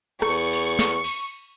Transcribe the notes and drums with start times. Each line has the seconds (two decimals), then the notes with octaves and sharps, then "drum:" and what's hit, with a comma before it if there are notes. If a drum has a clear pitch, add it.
0.22 E2 C#6, drum: rim click
0.53 drum: open hi-hat
0.79 drum: snare
1.04 drum: cymbal